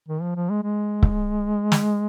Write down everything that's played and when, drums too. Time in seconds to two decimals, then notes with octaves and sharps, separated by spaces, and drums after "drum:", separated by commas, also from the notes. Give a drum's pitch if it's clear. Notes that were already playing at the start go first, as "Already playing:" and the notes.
0.08 D#3
0.22 F3
0.36 F3
0.50 G#3
0.63 G#3
1.03 drum: kick C#1
1.72 drum: snare